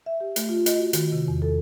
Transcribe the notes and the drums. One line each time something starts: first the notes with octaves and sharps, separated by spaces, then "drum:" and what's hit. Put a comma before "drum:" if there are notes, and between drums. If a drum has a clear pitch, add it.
E5
G4
A3, drum: hi-hat
F4
D#5, drum: hi-hat
F#4
D#3, drum: hi-hat
C3
E2
A4